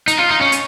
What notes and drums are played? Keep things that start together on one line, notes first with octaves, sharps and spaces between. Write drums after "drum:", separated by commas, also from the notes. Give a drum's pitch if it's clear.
D#4, drum: hi-hat
F4
D#4
C#4
drum: hi-hat